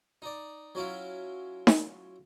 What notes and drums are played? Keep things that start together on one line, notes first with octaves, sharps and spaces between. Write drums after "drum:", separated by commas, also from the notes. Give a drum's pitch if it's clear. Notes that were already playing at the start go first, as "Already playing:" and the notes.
D#4 D5
F#3 C#4 E4 F4
drum: snare D#4